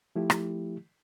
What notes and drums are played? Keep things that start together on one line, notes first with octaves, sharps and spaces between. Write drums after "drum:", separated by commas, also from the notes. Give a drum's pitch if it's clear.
F3 A3 E4 G4
drum: rim click